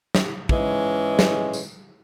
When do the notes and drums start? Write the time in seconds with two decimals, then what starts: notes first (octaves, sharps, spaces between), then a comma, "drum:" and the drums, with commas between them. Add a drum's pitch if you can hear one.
0.15 drum: snare
0.49 G#2 E3 G#3 C#4, drum: kick
1.19 drum: snare
1.53 drum: tambourine